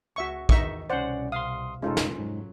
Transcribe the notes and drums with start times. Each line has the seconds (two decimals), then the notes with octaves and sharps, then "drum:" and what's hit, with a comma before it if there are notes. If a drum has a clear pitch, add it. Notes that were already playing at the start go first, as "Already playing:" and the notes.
0.16 C#2 F#4 E5 C#6
0.49 E2 D#3 D#4 E5 C#6, drum: kick
0.90 C2 B2 C#4 C5 D5 F#5
1.32 F5 C6 D#6
1.82 F1 G#3 C#4 D#4 F4 A4
1.97 drum: snare
2.18 G#2 F#3